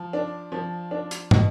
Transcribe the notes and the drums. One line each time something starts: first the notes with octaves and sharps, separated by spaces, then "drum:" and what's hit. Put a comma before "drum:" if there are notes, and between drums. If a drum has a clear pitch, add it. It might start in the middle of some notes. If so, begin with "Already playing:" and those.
Already playing: F3
D4
F3
D4
drum: hi-hat
B2, drum: tom